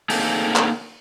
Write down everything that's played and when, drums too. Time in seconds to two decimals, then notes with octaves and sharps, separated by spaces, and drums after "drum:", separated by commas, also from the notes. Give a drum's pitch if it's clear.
0.10 A3 A#3 C4 D4 D#4 G#4, drum: open hi-hat
0.56 drum: clap